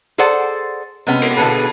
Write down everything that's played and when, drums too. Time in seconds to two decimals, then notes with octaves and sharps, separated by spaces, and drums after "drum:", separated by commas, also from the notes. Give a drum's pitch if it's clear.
0.18 G#4 A4 C5 D5 F#5
1.07 C3 G#3 B3 C#4
1.22 drum: cymbal
1.37 B2 D3 B3 G#4 A4 B4